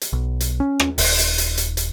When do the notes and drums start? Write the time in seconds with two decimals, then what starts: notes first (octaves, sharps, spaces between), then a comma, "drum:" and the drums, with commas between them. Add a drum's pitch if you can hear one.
0.01 drum: hi-hat
0.13 B1
0.40 drum: hi-hat
0.60 C#4
0.80 drum: rim click
0.98 D#1, drum: open hi-hat
1.19 drum: hi-hat
1.38 drum: hi-hat
1.58 drum: hi-hat
1.77 drum: hi-hat